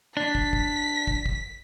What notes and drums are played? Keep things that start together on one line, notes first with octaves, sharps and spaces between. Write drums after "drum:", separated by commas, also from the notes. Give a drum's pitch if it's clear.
D4 B6
drum: kick
drum: kick
drum: kick
drum: kick